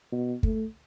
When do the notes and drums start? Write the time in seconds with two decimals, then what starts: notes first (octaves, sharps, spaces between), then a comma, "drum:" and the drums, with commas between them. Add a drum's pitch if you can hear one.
0.12 B2
0.43 A3, drum: kick